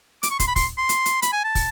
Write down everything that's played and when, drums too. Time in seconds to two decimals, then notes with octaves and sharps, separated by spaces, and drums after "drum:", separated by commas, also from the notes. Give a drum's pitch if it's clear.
0.23 D6, drum: hi-hat
0.31 C#6
0.40 C6, drum: kick, hi-hat
0.48 B5
0.56 C6, drum: kick, open hi-hat
0.78 C6
0.89 drum: hi-hat
1.06 drum: hi-hat
1.22 B5, drum: hi-hat
1.33 G#5
1.44 A5
1.55 drum: kick, open hi-hat